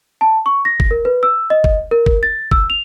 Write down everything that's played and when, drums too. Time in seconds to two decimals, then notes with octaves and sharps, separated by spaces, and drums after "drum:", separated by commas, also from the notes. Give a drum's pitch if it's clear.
0.21 A5
0.46 C#6
0.65 A#6
0.80 drum: kick
0.91 A#4
1.05 B4
1.23 E6
1.50 D#5
1.64 drum: kick
1.91 A#4
2.06 drum: kick
2.23 A6
2.51 E6, drum: kick
2.70 F7